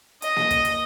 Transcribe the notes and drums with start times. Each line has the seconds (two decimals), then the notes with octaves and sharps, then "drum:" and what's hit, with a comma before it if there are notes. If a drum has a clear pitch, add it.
0.22 D#5, drum: hi-hat
0.36 drum: snare A#3
0.51 drum: kick, hi-hat
0.65 drum: hi-hat